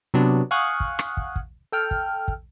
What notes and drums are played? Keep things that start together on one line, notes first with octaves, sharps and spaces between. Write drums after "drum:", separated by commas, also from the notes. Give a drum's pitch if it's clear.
C3 F#3 B3 D4
F5 F#5 G#5 C#6 D#6 F#6
drum: kick
drum: rim click
drum: kick
drum: kick
A4 G5 F6
drum: kick
drum: kick